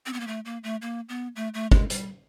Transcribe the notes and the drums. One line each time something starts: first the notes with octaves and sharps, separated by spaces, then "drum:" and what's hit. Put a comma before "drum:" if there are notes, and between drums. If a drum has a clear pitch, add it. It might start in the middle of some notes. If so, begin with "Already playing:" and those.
C4
B3
A#3
A3
A#3
A3
A#3
B3
A3
A3
G#3, drum: kick
G3, drum: hi-hat